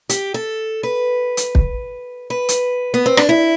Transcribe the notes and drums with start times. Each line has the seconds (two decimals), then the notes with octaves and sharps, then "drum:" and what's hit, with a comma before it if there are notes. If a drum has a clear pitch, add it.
0.09 G4, drum: hi-hat
0.34 A4
0.83 B4
1.37 drum: hi-hat
1.55 drum: kick
2.30 B4
2.49 drum: hi-hat
2.94 B3
3.06 C4
3.17 D4, drum: rim click
3.29 E4